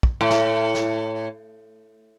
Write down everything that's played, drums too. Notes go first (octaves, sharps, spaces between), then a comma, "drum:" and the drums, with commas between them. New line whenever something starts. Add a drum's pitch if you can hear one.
drum: kick
A2
drum: snare
drum: snare